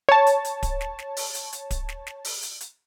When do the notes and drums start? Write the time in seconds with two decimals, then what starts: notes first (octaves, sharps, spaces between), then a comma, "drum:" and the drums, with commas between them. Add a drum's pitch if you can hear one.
0.09 C#5 A5
0.27 drum: hi-hat
0.45 drum: hi-hat
0.63 drum: kick D1, hi-hat
0.81 drum: snare
0.99 drum: snare
1.17 drum: open hi-hat
1.35 drum: hi-hat
1.53 drum: hi-hat
1.71 drum: kick D1, hi-hat
1.89 drum: snare
2.07 drum: snare
2.25 drum: open hi-hat
2.43 drum: hi-hat
2.61 drum: hi-hat